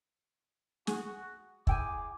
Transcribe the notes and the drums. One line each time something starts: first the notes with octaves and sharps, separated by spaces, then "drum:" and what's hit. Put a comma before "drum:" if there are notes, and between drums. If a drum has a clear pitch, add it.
F#4 G#4, drum: snare
E4 G#4 G5 G#5 D6, drum: kick